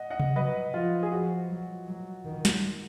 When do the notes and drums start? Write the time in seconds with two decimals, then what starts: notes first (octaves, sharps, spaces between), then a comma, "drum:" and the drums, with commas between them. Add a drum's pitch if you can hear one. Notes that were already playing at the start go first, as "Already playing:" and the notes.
Already playing: D#5 F#5
0.10 D#5 F#5
0.19 drum: tom C3
0.36 F#3 B4 D#5
0.74 F3 F4
1.03 G#4
1.11 F3 F#4
1.49 F#3
1.87 F#3
2.25 D#3
2.45 drum: snare